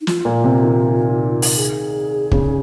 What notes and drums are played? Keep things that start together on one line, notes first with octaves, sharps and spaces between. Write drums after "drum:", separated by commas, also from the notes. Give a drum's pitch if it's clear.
D#4
F4, drum: snare
A#2 A#3
C3 C4
D#3 D#4
drum: open hi-hat
G#4
C#3 C#4, drum: kick